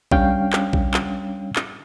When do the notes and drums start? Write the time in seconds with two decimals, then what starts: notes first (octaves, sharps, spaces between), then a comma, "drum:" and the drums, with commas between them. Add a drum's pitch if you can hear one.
0.11 G3 C#4 D4 C#5 F5 G5, drum: kick A#1
0.53 drum: clap
0.73 drum: kick A#1
0.94 drum: clap
1.56 drum: clap